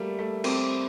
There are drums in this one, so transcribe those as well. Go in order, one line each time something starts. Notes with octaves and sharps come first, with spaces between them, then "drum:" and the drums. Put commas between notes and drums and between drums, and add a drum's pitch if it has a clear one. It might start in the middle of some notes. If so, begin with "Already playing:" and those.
Already playing: G3 A3 A#3
A3
C4, drum: cymbal